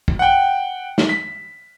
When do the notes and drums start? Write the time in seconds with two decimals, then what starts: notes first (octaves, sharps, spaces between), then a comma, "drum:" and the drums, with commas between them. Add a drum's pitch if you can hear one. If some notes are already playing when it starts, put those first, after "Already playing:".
0.08 drum: kick
0.19 F#5 G5
0.98 drum: snare
1.09 B6